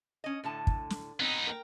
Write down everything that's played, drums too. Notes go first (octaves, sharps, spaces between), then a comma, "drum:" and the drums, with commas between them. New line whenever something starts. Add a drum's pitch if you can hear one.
C#4 D#5
A2 D3 A5
drum: kick
drum: snare
B3 C4 D#4
A#4 G5